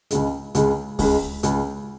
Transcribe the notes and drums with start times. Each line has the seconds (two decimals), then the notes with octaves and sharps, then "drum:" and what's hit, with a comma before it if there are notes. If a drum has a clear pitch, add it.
0.11 C#2 C#3 G#3, drum: hi-hat
0.55 C#2 C#3 G#3, drum: hi-hat
0.99 C#2 C#3 G#3, drum: kick D2, open hi-hat
1.43 C#2 C#3 G#3, drum: hi-hat